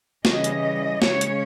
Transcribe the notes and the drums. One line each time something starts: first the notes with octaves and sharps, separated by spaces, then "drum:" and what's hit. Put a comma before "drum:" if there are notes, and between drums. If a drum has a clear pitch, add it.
C#3 E3 G3 C#4 D#5, drum: snare
drum: hi-hat
C#3 G#3 C#4 C#5, drum: snare
drum: hi-hat